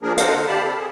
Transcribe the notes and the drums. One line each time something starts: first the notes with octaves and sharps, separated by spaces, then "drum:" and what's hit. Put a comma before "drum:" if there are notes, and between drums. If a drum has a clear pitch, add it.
F3 A#3 D4 G#4 A#4
A4 A#4 C5 D#5 F5 F#5, drum: hi-hat
D3
G4 D5 F5 A5 B5
C4 A4
G#4